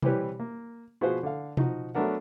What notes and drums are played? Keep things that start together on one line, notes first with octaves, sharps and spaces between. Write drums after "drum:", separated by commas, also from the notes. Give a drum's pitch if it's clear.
E3 G3 C4 G4 B4 C#5, drum: tom B2
A#3
B2 F3 G#4 B4 C5 F5
D3 F5
F3 D#4 F#4, drum: tom B2
F#3 A3 B3 D4 A#4 F#5